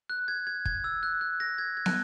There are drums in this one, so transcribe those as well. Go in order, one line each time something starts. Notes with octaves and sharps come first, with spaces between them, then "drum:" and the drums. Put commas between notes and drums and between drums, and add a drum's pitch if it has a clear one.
F#6
G#6
G#6
G#6, drum: kick
E6
F#6
F#6
A#6
G#6
G#6
F#6, drum: snare